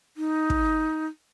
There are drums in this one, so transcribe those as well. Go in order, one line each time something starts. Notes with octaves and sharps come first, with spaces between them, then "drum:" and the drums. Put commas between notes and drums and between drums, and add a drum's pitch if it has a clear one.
D#4
drum: kick